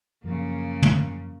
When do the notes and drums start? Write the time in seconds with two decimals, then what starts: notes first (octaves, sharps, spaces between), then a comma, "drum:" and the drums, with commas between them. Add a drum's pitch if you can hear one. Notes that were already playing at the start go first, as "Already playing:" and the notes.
0.24 F#2 C#3 F3 A#3
0.82 drum: tom